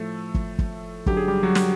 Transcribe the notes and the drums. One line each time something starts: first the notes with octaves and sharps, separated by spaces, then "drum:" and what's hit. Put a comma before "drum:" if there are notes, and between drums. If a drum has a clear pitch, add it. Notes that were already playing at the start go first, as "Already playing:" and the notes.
Already playing: A2 F3 A3 A4
drum: kick
drum: kick
F#2 D3 F#3 G4, drum: kick
G#4
G3 G4
F#3 F#4
drum: snare